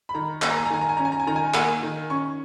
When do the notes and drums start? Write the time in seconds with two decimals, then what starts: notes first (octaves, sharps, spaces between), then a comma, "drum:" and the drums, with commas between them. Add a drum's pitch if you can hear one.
0.09 B5
0.15 D#3 A#5
0.42 A#3 G#5, drum: clap
0.50 A#5
0.58 G#5
0.66 A#5
0.70 D#3 G#5
0.81 A#5
0.89 G#5
0.97 C#4 A#5
1.05 G#5
1.12 A#5
1.20 G#5
1.27 D#3 A#5
1.36 G#5
1.54 A#3 G#5, drum: clap
1.83 D#3
2.10 C#4 C#6